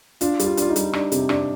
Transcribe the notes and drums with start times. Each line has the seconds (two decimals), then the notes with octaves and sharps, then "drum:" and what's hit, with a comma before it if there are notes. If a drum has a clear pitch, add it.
0.21 D4 F4, drum: hi-hat
0.39 G3, drum: hi-hat
0.45 F4
0.57 D4 F4, drum: hi-hat
0.70 D#4
0.76 G3, drum: hi-hat
0.93 D4, drum: rim click
1.12 C3, drum: hi-hat
1.29 D4, drum: rim click